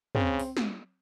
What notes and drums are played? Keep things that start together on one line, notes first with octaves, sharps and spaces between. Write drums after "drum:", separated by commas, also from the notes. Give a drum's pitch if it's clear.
C#3 C4, drum: tom
drum: open hi-hat
drum: snare